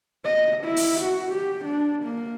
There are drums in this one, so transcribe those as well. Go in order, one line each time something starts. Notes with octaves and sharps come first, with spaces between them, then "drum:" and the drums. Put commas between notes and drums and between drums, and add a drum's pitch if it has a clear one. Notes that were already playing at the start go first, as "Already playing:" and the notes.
D#5
E4
drum: open hi-hat
F#4
G4
D4
A#3